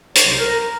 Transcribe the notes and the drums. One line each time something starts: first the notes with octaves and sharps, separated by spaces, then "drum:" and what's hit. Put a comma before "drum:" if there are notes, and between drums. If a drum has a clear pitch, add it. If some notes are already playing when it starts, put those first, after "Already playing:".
C#5, drum: hi-hat
C2 C3 F#3 C4 D#4 C5
A#4
A#4